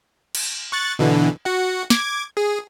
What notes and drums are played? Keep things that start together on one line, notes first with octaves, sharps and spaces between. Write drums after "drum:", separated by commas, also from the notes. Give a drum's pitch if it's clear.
drum: cymbal
C#6 F#6 A6
B2 D3 E3
F#4 F#5
D6 G#6, drum: snare
G#4